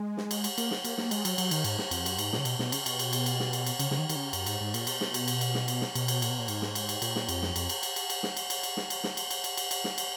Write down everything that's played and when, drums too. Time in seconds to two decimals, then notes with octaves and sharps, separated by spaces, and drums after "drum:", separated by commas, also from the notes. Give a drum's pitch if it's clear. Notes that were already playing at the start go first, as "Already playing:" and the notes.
Already playing: G#3
0.17 drum: snare
0.31 drum: cymbal
0.44 drum: cymbal
0.58 A#3, drum: cymbal
0.71 drum: snare
0.85 A#3, drum: cymbal
0.98 A#3, drum: snare
1.11 G#3, drum: cymbal
1.25 F#3, drum: cymbal
1.38 F#3, drum: cymbal
1.51 D#3, drum: cymbal
1.64 G#2, drum: cymbal
1.78 drum: snare
1.91 F2, drum: cymbal
2.06 F#2, drum: cymbal
2.18 G#2, drum: cymbal
2.33 A#2, drum: snare
2.38 C#3
2.45 B2, drum: cymbal
2.59 B2, drum: snare
2.72 C#3, drum: cymbal
2.86 B2, drum: cymbal
2.99 drum: cymbal
3.13 drum: cymbal
3.26 drum: cymbal
3.40 drum: snare
3.53 drum: cymbal
3.66 drum: cymbal
3.79 C#3, drum: cymbal
3.91 C#3, drum: snare
3.98 D#3
4.09 D#3, drum: cymbal
4.16 C#3
4.33 F#2, drum: cymbal
4.46 G#2, drum: cymbal
4.61 G#2
4.74 A#2, drum: cymbal
4.87 B2, drum: cymbal
5.01 drum: snare
5.14 drum: cymbal
5.28 drum: cymbal
5.41 drum: cymbal
5.55 drum: snare
5.68 drum: cymbal
5.81 drum: snare
5.95 B2, drum: cymbal
6.08 drum: cymbal
6.22 A#2, drum: cymbal
6.30 B2
6.39 A#2
6.48 G#2, drum: cymbal
6.62 drum: snare
6.75 drum: cymbal
6.89 drum: cymbal
7.02 A#2, drum: cymbal
7.16 drum: snare
7.29 F2, drum: cymbal
7.43 drum: snare
7.56 F2, drum: cymbal
7.69 drum: cymbal
7.83 drum: cymbal
7.96 drum: cymbal
8.10 drum: cymbal
8.23 drum: snare
8.37 drum: cymbal
8.50 drum: cymbal
8.63 drum: cymbal
8.77 drum: snare
8.90 drum: cymbal
9.04 drum: snare
9.17 drum: cymbal
9.31 drum: cymbal
9.44 drum: cymbal
9.57 drum: cymbal
9.71 drum: cymbal
9.84 drum: snare
9.98 drum: cymbal